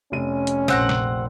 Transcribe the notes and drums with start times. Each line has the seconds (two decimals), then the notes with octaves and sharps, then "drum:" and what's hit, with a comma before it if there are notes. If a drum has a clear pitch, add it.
0.12 F1 C#4 D#7
0.47 drum: hi-hat
0.68 A#1 A#2 C4 F#5 A#5, drum: snare
0.89 drum: snare